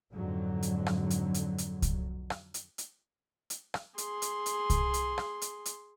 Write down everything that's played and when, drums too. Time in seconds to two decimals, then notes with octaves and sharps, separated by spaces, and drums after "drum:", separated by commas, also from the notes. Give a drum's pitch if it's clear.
0.12 F2 G#2 D3 F#3
0.63 drum: hi-hat
0.86 drum: rim click
1.10 drum: hi-hat
1.34 drum: hi-hat
1.58 drum: hi-hat
1.82 drum: kick C2, hi-hat
2.30 drum: rim click
2.54 drum: hi-hat
2.78 drum: hi-hat
3.50 drum: hi-hat
3.74 drum: rim click
3.98 G#4 C6, drum: hi-hat
4.22 drum: hi-hat
4.46 drum: hi-hat
4.70 drum: kick C2, hi-hat
4.94 drum: hi-hat
5.18 drum: rim click
5.42 drum: hi-hat
5.66 drum: hi-hat